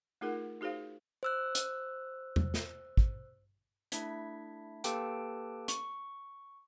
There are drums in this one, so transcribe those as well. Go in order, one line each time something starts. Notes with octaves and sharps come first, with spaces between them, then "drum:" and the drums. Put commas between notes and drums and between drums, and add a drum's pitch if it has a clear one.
A3 D#4 F4 G#4 A#4 F#5
D#4 F#4 G#4 C5 F5
C5 E6 F#6
drum: hi-hat
drum: tom E2
drum: snare
drum: kick
A3 D4 E4 G#6 B6, drum: hi-hat
A#3 G4 A4 B4 G5 A5, drum: hi-hat
C#6, drum: hi-hat